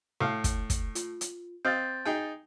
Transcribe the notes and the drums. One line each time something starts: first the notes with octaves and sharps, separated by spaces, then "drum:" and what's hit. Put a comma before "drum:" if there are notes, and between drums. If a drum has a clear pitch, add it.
A2 F5
drum: kick, hi-hat
drum: kick, hi-hat
F4, drum: hi-hat
drum: hi-hat
C4 D#5 F5 G6 A6
D#4 G#4 G5